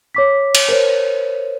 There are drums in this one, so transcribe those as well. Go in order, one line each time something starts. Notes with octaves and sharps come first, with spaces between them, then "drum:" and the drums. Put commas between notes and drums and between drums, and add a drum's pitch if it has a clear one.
C#5 D6 B6
drum: cymbal
A#4 C5 C#5